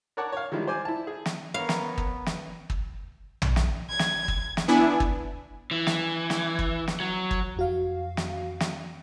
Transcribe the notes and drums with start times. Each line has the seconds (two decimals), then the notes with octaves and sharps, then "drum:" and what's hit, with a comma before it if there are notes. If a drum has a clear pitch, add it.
0.17 A#4 C#5 D5 F#5 A5
0.32 C#5 F5
0.52 D#3 F3 G3 G#3 D#4 E4
0.67 C5 D5 G#5
0.85 E4 A5
1.07 G#4
1.26 drum: snare
1.54 B3 A#4 C#5 F5
1.69 drum: snare
1.98 drum: kick
2.26 drum: snare
2.70 drum: kick
3.42 drum: tom
3.56 drum: snare
3.90 G#6
3.99 drum: snare
4.28 drum: kick
4.57 drum: snare
4.68 B3 D4 E4 G#5
5.00 drum: kick
5.71 E3
5.87 drum: snare
6.30 drum: snare
6.59 drum: kick
6.88 drum: snare
7.00 F#3
7.31 drum: kick
7.57 F2 F#4 F5
8.17 drum: snare
8.60 drum: snare